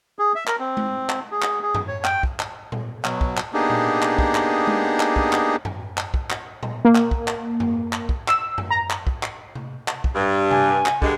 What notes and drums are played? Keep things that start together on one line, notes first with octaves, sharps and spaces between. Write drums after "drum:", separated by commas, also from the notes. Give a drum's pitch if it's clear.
G#4
E5
A#4, drum: clap
C4
drum: tom G#3
drum: clap
G#4
drum: clap
G#4
drum: tom F#2
C#5
G5, drum: clap
drum: kick
drum: clap
drum: tom A#2
B2 F#3, drum: clap
drum: kick
drum: clap
A#3 B3 D4 D#4 G4 G#4
drum: tom A#2
drum: clap
drum: kick
drum: clap
drum: tom G#3
drum: clap
drum: kick
drum: clap
drum: tom F#2
drum: clap
drum: kick
drum: clap
drum: tom A#2
A#3
drum: clap
drum: kick
drum: clap
drum: tom F#2
drum: clap
drum: kick
E6, drum: clap
drum: tom F#2
A#5
drum: clap
drum: kick
drum: clap
drum: tom C3
drum: clap
drum: kick
G2
G#5, drum: tom C3
drum: clap
G2 D3 G#3, drum: kick